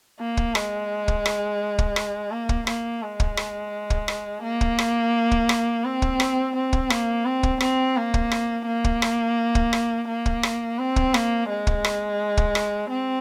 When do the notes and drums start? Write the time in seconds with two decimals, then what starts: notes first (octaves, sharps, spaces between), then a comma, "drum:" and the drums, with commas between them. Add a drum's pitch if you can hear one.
0.20 A#3
0.37 drum: kick
0.55 G#3, drum: rim click
1.08 drum: kick
1.26 drum: rim click
1.78 drum: kick
1.96 drum: rim click
2.31 A#3
2.49 drum: kick
2.67 A#3, drum: rim click
3.02 G#3
3.20 drum: kick
3.37 drum: rim click
3.90 drum: kick
4.08 drum: rim click
4.43 A#3
4.61 drum: kick
4.79 drum: rim click
5.31 drum: kick
5.49 drum: rim click
5.85 C4
6.02 drum: kick
6.20 drum: rim click
6.55 C4
6.73 drum: kick
6.90 A#3, drum: rim click
7.26 C4
7.43 drum: kick
7.60 C4, drum: rim click
7.96 A#3
8.14 drum: kick
8.32 drum: rim click
8.66 A#3
8.84 drum: kick
9.02 drum: rim click
9.55 drum: kick
9.73 drum: rim click
10.08 A#3
10.26 drum: kick
10.43 drum: rim click
10.79 C4
10.96 drum: kick
11.14 A#3, drum: rim click
11.49 G#3
11.67 drum: kick
11.84 drum: rim click
12.37 drum: kick
12.55 drum: rim click
12.90 C4